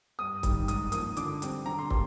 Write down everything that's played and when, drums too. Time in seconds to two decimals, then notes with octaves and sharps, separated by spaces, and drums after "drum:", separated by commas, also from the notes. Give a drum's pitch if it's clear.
0.19 G2 D#6
0.43 D#3 G3, drum: kick, hi-hat
0.68 G#2 D#6, drum: hi-hat
0.92 F3 A#3 D#6, drum: hi-hat
1.17 D3 D6, drum: hi-hat
1.42 G3 C4, drum: hi-hat
1.66 D3 A#5
1.79 C6
1.90 G3 A#3 C6, drum: kick